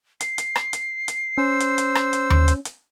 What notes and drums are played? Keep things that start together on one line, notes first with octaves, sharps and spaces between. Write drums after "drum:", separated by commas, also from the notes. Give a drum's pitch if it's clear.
C7, drum: hi-hat
drum: hi-hat
drum: rim click
drum: hi-hat
drum: hi-hat
C#4 C5 E6
drum: hi-hat
drum: hi-hat
drum: rim click
drum: hi-hat
drum: tom D#2
drum: hi-hat
drum: hi-hat